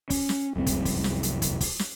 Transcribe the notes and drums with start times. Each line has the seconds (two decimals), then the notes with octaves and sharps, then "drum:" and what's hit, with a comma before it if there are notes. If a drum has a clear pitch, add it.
0.10 C#4, drum: kick, open hi-hat
0.29 drum: snare
0.56 F1 C2 F#2 C4
0.67 drum: kick, hi-hat
0.85 drum: kick, open hi-hat
1.04 drum: snare
1.23 drum: hi-hat
1.42 drum: kick, hi-hat
1.61 drum: kick, open hi-hat
1.79 drum: snare